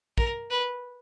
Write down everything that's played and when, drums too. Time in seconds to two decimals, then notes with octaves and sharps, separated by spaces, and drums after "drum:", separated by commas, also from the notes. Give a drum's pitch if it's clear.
0.18 A#4, drum: kick
0.50 B4